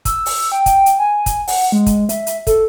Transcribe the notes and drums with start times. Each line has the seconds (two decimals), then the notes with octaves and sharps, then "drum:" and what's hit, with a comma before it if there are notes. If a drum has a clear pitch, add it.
0.05 E6, drum: kick, hi-hat
0.26 drum: open hi-hat
0.52 G5
0.66 drum: kick, hi-hat
0.86 drum: hi-hat
0.99 G#5
1.26 drum: kick, hi-hat
1.48 F#5, drum: open hi-hat
1.72 G#3
1.86 drum: kick, hi-hat
2.09 E5, drum: hi-hat
2.27 drum: hi-hat
2.47 A4, drum: kick, hi-hat